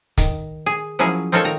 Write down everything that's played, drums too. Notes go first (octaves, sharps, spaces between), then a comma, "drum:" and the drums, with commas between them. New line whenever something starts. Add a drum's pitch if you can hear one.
D#3, drum: kick, hi-hat
G#4
F3 F#3 C#4 E4 G#4 A#4
C4 D#4 F4 A4 A#4 C#5
D#3 A#5